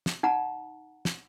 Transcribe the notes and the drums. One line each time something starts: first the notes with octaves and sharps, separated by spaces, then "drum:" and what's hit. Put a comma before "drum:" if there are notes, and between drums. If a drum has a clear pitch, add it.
drum: snare
D#4 F#5 A#5
drum: snare